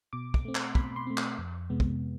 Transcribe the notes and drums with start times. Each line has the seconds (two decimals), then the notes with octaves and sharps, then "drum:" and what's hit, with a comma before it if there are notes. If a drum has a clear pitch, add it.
0.13 B2 D6
0.34 D6, drum: kick
0.45 A3 C4
0.55 C6, drum: clap
0.75 B2 B5, drum: kick
0.96 C6
1.07 A3 C4
1.17 drum: clap
1.38 F2
1.70 C3 G#3 B3
1.80 drum: kick